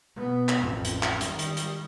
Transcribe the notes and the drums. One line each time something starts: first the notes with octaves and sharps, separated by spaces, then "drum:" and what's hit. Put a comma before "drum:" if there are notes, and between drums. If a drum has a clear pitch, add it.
B2 B3
drum: clap
A1 F2
drum: hi-hat
drum: clap
D#3 G3, drum: hi-hat
drum: hi-hat
drum: hi-hat